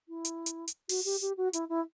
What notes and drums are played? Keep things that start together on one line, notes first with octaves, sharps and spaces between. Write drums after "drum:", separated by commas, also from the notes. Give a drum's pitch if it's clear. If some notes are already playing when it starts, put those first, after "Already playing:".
E4
drum: hi-hat
drum: hi-hat
drum: hi-hat
F#4, drum: open hi-hat
G4
G4
F#4
E4, drum: hi-hat
E4